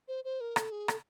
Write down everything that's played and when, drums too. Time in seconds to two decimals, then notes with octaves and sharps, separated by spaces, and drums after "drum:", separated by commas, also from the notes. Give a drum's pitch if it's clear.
0.08 C5
0.25 C5
0.41 A#4
0.56 A4, drum: rim click
0.72 G#4
0.88 A4, drum: rim click